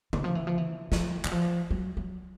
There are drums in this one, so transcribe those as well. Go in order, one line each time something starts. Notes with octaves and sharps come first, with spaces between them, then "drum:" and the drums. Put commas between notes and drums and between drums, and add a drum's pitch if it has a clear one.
E3, drum: tom C#3
F3
E3
F3
E3
F3, drum: snare
E3, drum: clap
F3
F#3
F#3